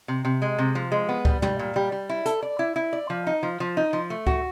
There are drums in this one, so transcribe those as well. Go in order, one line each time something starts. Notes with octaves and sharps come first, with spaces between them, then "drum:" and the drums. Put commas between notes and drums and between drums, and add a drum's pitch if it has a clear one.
C3
C3
G#3
C3
F3
G#3
B3
G3, drum: kick C#2
G3, drum: tom
A#2
G3
G3
E4
A4, drum: hi-hat
D5
E4
E4
D5
F3
D#4
F3
F3
D#4
F3
A3
F#4, drum: kick C#2